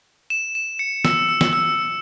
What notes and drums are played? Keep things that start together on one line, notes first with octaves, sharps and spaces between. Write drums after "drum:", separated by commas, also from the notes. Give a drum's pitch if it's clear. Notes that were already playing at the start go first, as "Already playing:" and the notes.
E7
E7
C#7
E6, drum: snare
E6
drum: snare
E6